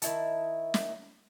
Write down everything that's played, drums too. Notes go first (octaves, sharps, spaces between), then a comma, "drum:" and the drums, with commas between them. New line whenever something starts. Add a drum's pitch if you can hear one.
D#3 E4 A5, drum: hi-hat
drum: snare